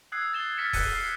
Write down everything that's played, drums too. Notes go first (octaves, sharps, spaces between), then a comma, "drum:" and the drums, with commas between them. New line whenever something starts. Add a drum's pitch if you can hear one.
D#6 E6 F#6 G#6 C7
A6 E7 G7
F6 A6 B6 C#7 E7
F#6 A6 B6 C#7 D#7, drum: kick D#1, open hi-hat
C7